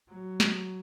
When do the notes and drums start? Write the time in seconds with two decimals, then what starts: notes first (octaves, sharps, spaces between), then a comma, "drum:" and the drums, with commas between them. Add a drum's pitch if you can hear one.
0.10 F#3
0.40 drum: snare